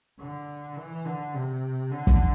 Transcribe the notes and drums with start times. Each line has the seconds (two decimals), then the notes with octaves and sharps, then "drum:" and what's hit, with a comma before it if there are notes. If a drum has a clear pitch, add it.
0.20 D3
0.77 E3
1.05 D3
1.34 C3
1.91 D3
2.07 drum: kick